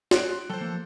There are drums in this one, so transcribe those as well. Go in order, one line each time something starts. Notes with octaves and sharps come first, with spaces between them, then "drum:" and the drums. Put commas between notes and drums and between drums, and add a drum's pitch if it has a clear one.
C6 F#6 D7, drum: snare
F#3 A4 C5 G5
F3 A#3